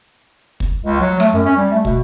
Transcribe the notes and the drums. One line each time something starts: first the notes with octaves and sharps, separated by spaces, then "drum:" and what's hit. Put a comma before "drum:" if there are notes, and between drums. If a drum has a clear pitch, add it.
drum: kick
C#2
F#3
A3, drum: rim click
F#2
C#4
G3
A3
B2, drum: kick